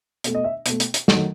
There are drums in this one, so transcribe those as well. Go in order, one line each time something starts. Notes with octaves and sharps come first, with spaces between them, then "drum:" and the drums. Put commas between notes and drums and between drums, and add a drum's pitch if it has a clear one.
B2 A3, drum: hi-hat
D#5
E5
B2 A3, drum: hi-hat
drum: hi-hat
drum: hi-hat
D#3 F#3 A3, drum: snare